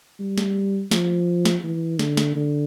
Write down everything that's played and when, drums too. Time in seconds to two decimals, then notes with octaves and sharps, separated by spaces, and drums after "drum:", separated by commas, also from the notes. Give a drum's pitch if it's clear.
0.19 G3
0.38 drum: snare
0.91 F3, drum: snare
1.45 drum: snare
1.64 E3
1.99 D3, drum: snare
2.17 drum: snare
2.36 D3